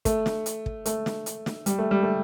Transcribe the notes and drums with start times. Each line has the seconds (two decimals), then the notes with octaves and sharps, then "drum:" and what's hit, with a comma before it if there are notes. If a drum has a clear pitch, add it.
0.05 A3, drum: kick, hi-hat
0.26 drum: snare
0.46 drum: hi-hat
0.66 drum: kick
0.86 A3, drum: hi-hat
1.06 drum: snare
1.26 drum: hi-hat
1.46 drum: snare
1.66 G3, drum: hi-hat
1.79 A3
1.91 G3
2.03 A3